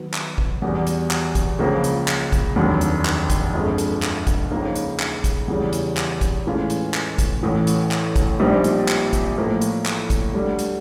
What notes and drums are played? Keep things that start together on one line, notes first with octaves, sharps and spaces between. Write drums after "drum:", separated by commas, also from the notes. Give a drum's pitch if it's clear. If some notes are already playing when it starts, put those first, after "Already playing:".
Already playing: D#3 F#3 B3
drum: clap
drum: kick
E2 B2 G3
drum: hi-hat
drum: clap
drum: kick, hi-hat
C#2 C#3 F3 A#3
drum: hi-hat
drum: clap
drum: kick, hi-hat
F1 D#2 D3 F#3
drum: hi-hat
drum: clap
drum: kick, hi-hat
G1 F2 D3 F3 G#3
drum: hi-hat
drum: clap
drum: kick, hi-hat
C#2 C#3 F3 A#3 D#4
drum: hi-hat
drum: clap
drum: kick, hi-hat
E2 C#3 E3 G3
drum: hi-hat
drum: clap
drum: kick, hi-hat
A2 E3 G#3 C#4 F4
drum: hi-hat
drum: clap
drum: kick, hi-hat
A1 A2 E3
drum: hi-hat
drum: clap
drum: kick, hi-hat
A#1 A#2 G3 C4 D#4
drum: hi-hat
drum: clap
drum: kick, hi-hat
A2 F3 A#3
drum: hi-hat
drum: clap
drum: kick, hi-hat
D2 D3 G3
drum: hi-hat